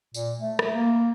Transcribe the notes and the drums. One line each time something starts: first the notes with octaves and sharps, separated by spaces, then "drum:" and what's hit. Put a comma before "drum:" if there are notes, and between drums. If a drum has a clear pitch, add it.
A#2, drum: tambourine
A3
drum: rim click
A#3